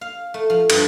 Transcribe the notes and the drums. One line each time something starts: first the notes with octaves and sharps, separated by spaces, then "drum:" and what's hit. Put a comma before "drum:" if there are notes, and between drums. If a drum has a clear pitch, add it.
F5
A3
F3
G2, drum: cymbal